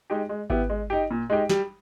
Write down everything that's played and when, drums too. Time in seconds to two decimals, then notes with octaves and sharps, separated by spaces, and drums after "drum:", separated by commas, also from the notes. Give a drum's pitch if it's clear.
0.10 G#3 D#4 G4
0.29 G#3
0.50 B3 E4 G4, drum: kick G#1
0.70 G#3
0.90 D#4 G4
1.11 A#2
1.30 G#3 D#4 G4
1.49 G3, drum: snare